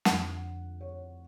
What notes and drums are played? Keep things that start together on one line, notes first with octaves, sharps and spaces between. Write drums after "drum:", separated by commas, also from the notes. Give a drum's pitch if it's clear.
F2 D3 F3 F#5, drum: snare
C#5